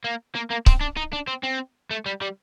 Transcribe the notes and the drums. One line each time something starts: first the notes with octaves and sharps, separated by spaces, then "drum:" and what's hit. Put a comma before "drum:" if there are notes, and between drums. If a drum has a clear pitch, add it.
A#3
A#3
A#3
C4, drum: kick C#1
D4
D#4
D4
C4
C4
A3
G3
G3